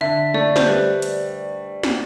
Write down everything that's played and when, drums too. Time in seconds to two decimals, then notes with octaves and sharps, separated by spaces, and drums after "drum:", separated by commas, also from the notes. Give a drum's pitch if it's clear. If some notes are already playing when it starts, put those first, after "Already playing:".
0.01 D3 E5
0.34 A3 D5
0.56 C5, drum: snare
0.66 G3 B4
1.02 drum: hi-hat
1.83 drum: snare